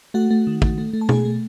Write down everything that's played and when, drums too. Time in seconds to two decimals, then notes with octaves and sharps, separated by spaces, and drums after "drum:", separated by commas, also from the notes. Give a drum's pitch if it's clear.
0.14 A3 F#4 F#5
0.31 A3
0.47 D#3
0.62 A3, drum: kick
0.78 A3
0.93 A3
1.01 A5
1.09 B2 G#4 G#5, drum: tom
1.25 A3